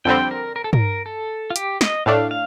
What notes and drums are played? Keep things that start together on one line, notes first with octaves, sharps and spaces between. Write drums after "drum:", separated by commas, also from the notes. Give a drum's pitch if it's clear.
F2 D3 G3 C4 G5
A#4
A#4
A4
A#4, drum: tom
A4
F4
G4, drum: hi-hat
D#5, drum: snare
A2 A3 D4 F5
F5